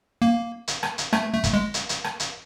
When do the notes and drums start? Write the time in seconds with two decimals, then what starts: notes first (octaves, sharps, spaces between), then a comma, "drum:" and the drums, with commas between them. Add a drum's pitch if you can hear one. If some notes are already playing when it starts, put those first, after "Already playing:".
0.22 A#3
0.68 drum: hi-hat
0.83 drum: rim click
0.98 drum: hi-hat
1.13 A3, drum: rim click
1.33 A3
1.44 drum: kick, hi-hat
1.53 G#3
1.74 drum: hi-hat
1.89 drum: hi-hat
2.04 drum: rim click
2.20 drum: hi-hat